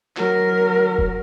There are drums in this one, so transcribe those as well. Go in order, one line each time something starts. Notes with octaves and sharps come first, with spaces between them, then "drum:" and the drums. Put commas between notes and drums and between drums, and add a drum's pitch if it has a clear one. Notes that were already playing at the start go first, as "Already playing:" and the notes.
F#3 A#4, drum: clap
drum: kick F1